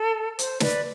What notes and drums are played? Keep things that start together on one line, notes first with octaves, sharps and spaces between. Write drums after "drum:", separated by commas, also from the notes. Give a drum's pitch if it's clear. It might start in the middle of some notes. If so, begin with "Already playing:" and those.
Already playing: A4
C5, drum: hi-hat
B4 D5, drum: snare